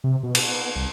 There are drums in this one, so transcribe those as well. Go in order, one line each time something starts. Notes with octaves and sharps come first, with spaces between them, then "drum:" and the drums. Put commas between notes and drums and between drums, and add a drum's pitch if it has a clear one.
C3
B2
drum: cymbal
B3
C2